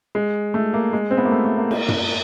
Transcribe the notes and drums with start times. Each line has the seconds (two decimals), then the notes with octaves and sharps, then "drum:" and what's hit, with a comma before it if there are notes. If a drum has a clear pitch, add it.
0.15 G#3
0.54 A3
0.74 A#3
0.93 G#3
1.11 C4
1.17 B3
1.25 A#3
1.32 A3
1.45 A3
1.58 A#3
1.71 A#3, drum: cymbal
1.88 drum: tom